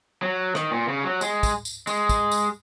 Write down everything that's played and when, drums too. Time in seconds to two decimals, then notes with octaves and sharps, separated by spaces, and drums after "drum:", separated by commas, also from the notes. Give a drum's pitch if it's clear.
0.22 F#3
0.55 D#3, drum: rim click
0.71 A#2
0.88 C#3
1.04 F#3
1.21 G#3, drum: tambourine
1.43 drum: kick, tambourine
1.65 drum: tambourine
1.87 G#3, drum: tambourine
2.09 drum: kick, tambourine
2.31 drum: tambourine